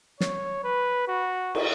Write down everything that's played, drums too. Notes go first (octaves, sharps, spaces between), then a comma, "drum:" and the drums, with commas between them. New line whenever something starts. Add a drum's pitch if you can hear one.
C#5, drum: snare
B4
F#4
drum: cymbal